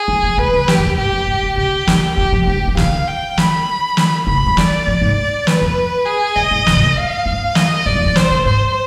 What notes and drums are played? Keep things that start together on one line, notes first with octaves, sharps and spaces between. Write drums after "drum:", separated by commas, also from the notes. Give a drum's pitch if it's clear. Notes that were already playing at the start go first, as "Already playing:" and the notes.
Already playing: G#4
D#3
F3
F3 B4
D3
G2 G4, drum: snare
G2
F2
G2 G4
F2
G2
D#3
D3 G4
D#3, drum: snare
D#3 G4
F3
F3 G4
F3
D#3
D3 F5, drum: snare
G5
D3 B5, drum: snare
drum: snare
D3 B5
F3
G3
G3 D5, drum: snare
F3
G#2
B4, drum: snare
F2
G#4
G2 D#5
G#2
B2, drum: snare
G#2
G2
F5
G2
D#5, drum: snare
G2 D5
F2
G2
B2 C5, drum: snare
B2
G#2 C5